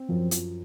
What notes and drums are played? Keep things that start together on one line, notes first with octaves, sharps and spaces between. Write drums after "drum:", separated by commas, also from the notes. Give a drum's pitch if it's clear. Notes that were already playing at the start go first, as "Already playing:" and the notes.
Already playing: C4
F#2 F3
F3, drum: hi-hat